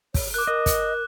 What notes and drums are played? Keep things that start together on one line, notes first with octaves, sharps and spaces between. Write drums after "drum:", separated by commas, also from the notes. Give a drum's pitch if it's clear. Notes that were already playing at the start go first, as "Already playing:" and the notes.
C#5, drum: kick, open hi-hat
A#4 D6 F#6
A#4 D#5
drum: kick, hi-hat